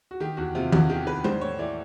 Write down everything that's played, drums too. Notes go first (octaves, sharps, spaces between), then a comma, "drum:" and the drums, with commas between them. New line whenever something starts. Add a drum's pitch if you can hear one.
F#4
D#3 G4
E2 F#4
C3 F4
E2 F#4, drum: tom D#3
D#3 G4
E2 B4
G3 C5, drum: tom G#3
A2 C#5
E3 D5